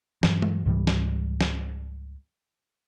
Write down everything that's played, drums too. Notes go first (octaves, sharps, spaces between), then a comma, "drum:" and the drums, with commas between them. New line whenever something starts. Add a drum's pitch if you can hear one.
G2 E3 F#3, drum: snare
drum: tom G#3
C#2 G#2 E3 G3
drum: snare
drum: snare